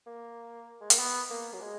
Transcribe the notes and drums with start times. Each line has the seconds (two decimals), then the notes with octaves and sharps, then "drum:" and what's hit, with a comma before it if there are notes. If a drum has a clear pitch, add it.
0.06 A#3
0.81 G#3
0.90 A#3, drum: hi-hat
0.99 B3
1.30 A#3
1.53 F#3
1.61 G#3